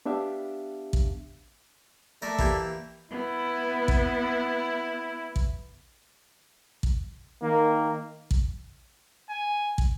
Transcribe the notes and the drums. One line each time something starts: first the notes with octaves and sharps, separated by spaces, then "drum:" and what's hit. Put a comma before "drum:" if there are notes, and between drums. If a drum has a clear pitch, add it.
B3 D4 G4 E5 F5
drum: kick
A3 A4 A#4 D5 E5
E3 A#3 G4, drum: kick
B3 E4
drum: kick
drum: kick
drum: kick
D#3 A#3
drum: kick
G#5
drum: kick